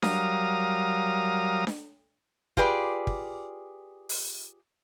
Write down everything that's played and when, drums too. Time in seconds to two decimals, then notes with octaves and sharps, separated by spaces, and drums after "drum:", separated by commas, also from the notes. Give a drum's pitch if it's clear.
0.02 F#3 G3 A#4 F5 A#5 D#6, drum: snare D4
1.67 drum: snare D4
2.57 F4 G4 G#4 B4 D5, drum: kick
3.07 drum: kick
4.09 drum: open hi-hat